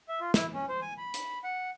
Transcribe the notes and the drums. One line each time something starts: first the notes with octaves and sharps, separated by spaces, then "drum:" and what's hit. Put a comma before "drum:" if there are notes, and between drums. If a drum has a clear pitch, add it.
E5
F4
E4, drum: snare
C#4
C5
G#5
B5
drum: hi-hat
F#5